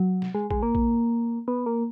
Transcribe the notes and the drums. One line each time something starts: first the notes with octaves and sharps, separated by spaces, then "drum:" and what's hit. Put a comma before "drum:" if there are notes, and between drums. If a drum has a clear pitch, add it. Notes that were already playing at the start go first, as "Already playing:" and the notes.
Already playing: F#3
drum: snare
G#3
G#3, drum: kick
A#3
drum: kick
B3
A#3